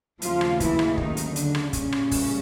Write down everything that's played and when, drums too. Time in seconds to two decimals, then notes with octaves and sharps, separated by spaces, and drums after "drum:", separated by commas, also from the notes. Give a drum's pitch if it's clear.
0.22 D#2 C#3 F3 F#3 A3 F4, drum: hi-hat
0.41 drum: rim click
0.60 E3 E4, drum: kick, hi-hat
0.79 drum: rim click
0.98 D#3 D#4, drum: kick
1.17 drum: hi-hat
1.36 D3 D4, drum: hi-hat
1.55 drum: rim click
1.73 A#2 C#3 G3 C#4, drum: kick, hi-hat
1.92 drum: rim click
2.11 drum: kick, open hi-hat